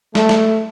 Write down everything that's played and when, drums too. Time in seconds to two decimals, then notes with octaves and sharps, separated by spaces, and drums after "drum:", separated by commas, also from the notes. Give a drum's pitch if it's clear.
0.15 A3, drum: snare
0.29 drum: snare